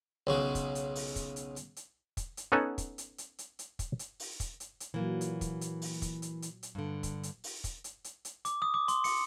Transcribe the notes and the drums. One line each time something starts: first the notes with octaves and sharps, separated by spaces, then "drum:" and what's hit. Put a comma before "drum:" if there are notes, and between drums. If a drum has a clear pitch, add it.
B1 C#3 F#4
drum: kick, hi-hat
drum: hi-hat
drum: open hi-hat
drum: kick, hi-hat
drum: hi-hat
drum: hi-hat
drum: hi-hat
drum: kick, hi-hat
drum: hi-hat
B3 C#4 D#4 A4 F#5 G#5
drum: kick, hi-hat
drum: hi-hat
drum: hi-hat
drum: hi-hat
drum: hi-hat
drum: kick, hi-hat
drum: hi-hat
drum: open hi-hat
drum: kick, hi-hat
drum: hi-hat
drum: hi-hat
A#2 E3 F#3 A#3
drum: hi-hat
drum: kick, hi-hat
drum: hi-hat
drum: open hi-hat
drum: kick, hi-hat
drum: hi-hat
drum: hi-hat
drum: hi-hat
G2 D3
drum: kick, hi-hat
drum: hi-hat
drum: open hi-hat
drum: kick, hi-hat
drum: hi-hat
drum: hi-hat
drum: hi-hat
D6, drum: hi-hat
D#6
D6
C6, drum: hi-hat
C#7, drum: open hi-hat